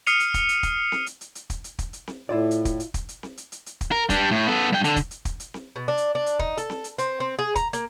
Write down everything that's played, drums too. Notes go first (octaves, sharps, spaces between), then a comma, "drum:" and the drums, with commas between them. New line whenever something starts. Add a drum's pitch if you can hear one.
D#6 F6 C7 C#7 D#7 F7, drum: hi-hat
drum: hi-hat
drum: kick, hi-hat
drum: hi-hat
drum: kick, hi-hat
drum: snare C4
drum: hi-hat
drum: hi-hat
drum: hi-hat
drum: kick, hi-hat
drum: hi-hat
drum: kick, hi-hat
drum: hi-hat
drum: snare C4
A2 E4 F4 D5
drum: hi-hat
drum: kick, hi-hat
drum: hi-hat
drum: kick, hi-hat
drum: hi-hat
drum: snare C4
drum: hi-hat
drum: hi-hat
drum: hi-hat
drum: kick, hi-hat
A#4
G3 D4, drum: kick, hi-hat
A2
B3 A4
G2 G5
D3, drum: hi-hat
drum: kick, hi-hat
drum: hi-hat
drum: kick, hi-hat
drum: hi-hat
drum: snare C4
B2
D4
drum: hi-hat
D4
drum: hi-hat
D#4, drum: kick
A4, drum: hi-hat
drum: snare C4
drum: hi-hat
C4, drum: hi-hat
C4
G#4
A#5, drum: kick, hi-hat
A#3, drum: hi-hat